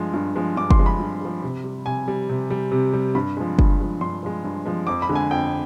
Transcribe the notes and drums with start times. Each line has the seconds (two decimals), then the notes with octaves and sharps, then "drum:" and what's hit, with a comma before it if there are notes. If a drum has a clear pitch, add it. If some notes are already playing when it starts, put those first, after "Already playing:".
Already playing: G2 F3 G#3
0.14 G2
0.36 F3 G#3
0.56 G2 D6
0.71 C6, drum: kick F#1
0.79 F3 G#3
0.86 B5
1.00 G2
1.21 F3 G#3
1.42 C3
1.64 G3
1.86 C3 G#5
2.08 G3
2.29 C3
2.50 G3
2.72 C3
2.93 G3
3.15 G2 B5
3.37 F3 G#3
3.59 G2, drum: kick F#1
3.80 F3 G#3
4.01 G2 C6
4.23 F3 G#3
4.44 G2
4.66 F3 G#3
4.87 F2 D6
5.02 B5
5.09 D3 G#3
5.15 G#5
5.30 F2 G5